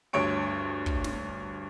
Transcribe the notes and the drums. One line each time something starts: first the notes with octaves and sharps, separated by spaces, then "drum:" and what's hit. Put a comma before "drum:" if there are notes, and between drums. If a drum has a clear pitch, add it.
D2 G2 C#5 D7
drum: kick
drum: snare